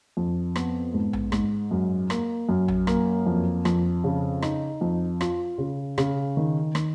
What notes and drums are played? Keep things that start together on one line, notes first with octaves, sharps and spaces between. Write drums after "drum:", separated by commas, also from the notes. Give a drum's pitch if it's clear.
F2
B3, drum: rim click
G#2
drum: tom A#1
G#2, drum: rim click
F#2
A#3, drum: rim click
F#2
drum: tom A#1
A#3, drum: rim click
F2
F2, drum: rim click
C#3
D#4, drum: rim click
F2
F4, drum: rim click
C#3
C#3, drum: rim click
D#3
D#3, drum: rim click